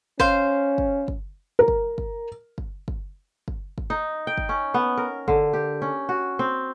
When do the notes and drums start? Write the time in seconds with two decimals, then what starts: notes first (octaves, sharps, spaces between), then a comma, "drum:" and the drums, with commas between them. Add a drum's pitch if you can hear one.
0.20 C#4 C5 F5, drum: kick
0.78 drum: kick
1.08 drum: kick
1.59 A#4
1.68 drum: kick
1.98 drum: kick
2.58 drum: kick
2.88 drum: kick
3.48 drum: kick
3.78 drum: kick
3.90 D#4
4.27 G5
4.38 drum: kick
4.49 C#4
4.74 B3
4.97 A#4
5.28 D3, drum: kick
5.53 G4
5.82 C#4
6.09 F#4
6.39 C4